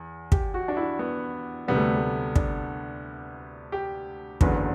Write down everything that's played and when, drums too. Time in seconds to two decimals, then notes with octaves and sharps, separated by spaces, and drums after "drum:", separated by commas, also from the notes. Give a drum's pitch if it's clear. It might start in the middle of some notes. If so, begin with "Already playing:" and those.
Already playing: E2
0.32 G4, drum: kick
0.54 F#4
0.68 D4
0.77 E4
0.99 B3
1.68 D2 C3 G3 B3
1.77 A3
1.96 A3
2.36 D4, drum: kick
3.72 G4
4.41 F#1 E2 D3 F#3 B4, drum: kick